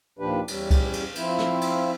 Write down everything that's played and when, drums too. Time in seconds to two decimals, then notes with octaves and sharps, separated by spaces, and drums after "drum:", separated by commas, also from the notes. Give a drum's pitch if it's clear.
0.19 D#2 A#2 F3 D4 G4 B4
0.48 E2 G3 C#4, drum: cymbal
0.71 drum: kick, cymbal
0.93 drum: cymbal
1.15 F3 C4 E4, drum: cymbal
1.39 drum: snare
1.61 drum: cymbal